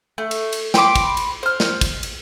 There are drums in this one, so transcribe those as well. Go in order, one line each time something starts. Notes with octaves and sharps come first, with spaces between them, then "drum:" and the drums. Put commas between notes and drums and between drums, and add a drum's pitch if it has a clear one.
A3
drum: cymbal
drum: cymbal
G5 B5 C6 D6, drum: snare
drum: kick, cymbal
drum: cymbal
C5 F6
drum: snare
drum: kick, cymbal
drum: cymbal